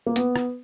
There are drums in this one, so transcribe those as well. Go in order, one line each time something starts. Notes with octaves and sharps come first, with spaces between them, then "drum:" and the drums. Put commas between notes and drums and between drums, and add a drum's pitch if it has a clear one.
A#3
B3, drum: hi-hat
drum: rim click